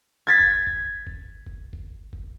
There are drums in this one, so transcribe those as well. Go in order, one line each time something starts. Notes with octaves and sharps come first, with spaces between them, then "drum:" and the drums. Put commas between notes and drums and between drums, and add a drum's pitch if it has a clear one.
G#6 A6 B6
drum: kick G1
drum: kick G1
drum: kick G1
drum: kick G1
drum: kick G1
drum: kick G1